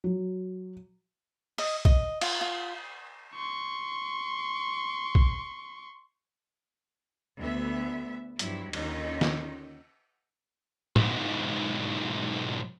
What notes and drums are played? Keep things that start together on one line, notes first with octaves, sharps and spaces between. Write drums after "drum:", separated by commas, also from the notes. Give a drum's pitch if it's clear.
F#3
D#5, drum: open hi-hat
D#5, drum: kick
F4, drum: cymbal
F4
C6 C#6
drum: kick
D2 B3 E5
G2 F3 F#3 D4 E4, drum: hi-hat
D#2 D3 D#3 C#4 D#4 F4, drum: cymbal
drum: snare
B1 G#2, drum: tom